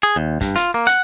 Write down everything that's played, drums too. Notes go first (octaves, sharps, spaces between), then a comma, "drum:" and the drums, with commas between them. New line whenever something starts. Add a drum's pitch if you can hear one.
G#4
D#2
G2, drum: kick, hi-hat
F4, drum: hi-hat
A#3
F#5, drum: hi-hat